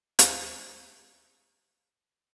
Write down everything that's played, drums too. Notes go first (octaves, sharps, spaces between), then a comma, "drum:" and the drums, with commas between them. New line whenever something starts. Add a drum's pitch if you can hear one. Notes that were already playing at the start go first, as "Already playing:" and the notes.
C5 E5 A#5, drum: hi-hat